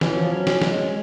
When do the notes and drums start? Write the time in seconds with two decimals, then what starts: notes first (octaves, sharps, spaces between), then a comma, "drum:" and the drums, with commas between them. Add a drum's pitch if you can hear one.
0.01 E3 C#4, drum: snare
0.16 F3
0.32 F#3 C#4
0.47 drum: snare
0.62 G#3, drum: snare